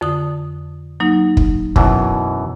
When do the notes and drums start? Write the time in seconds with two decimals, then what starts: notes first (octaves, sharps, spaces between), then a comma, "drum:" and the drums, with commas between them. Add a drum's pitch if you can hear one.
0.01 F2 D3 D#6
1.00 F#3 A#3 D#4
1.37 drum: kick
1.76 F#2 B2 E3, drum: kick